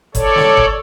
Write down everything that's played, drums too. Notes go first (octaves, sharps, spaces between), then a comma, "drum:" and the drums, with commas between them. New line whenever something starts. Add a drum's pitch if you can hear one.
A4 C#5 D5, drum: kick G1, hi-hat
drum: snare
drum: kick G1